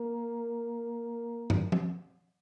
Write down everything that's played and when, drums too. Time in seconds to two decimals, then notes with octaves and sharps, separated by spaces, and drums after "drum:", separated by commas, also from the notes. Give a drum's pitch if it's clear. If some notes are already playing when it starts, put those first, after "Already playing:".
Already playing: A#3
1.50 drum: tom
1.72 drum: tom F3